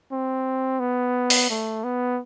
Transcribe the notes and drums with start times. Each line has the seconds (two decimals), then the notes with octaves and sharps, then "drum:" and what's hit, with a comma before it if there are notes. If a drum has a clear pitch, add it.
0.11 C4
0.80 B3
1.30 drum: open hi-hat
1.50 A3
1.84 B3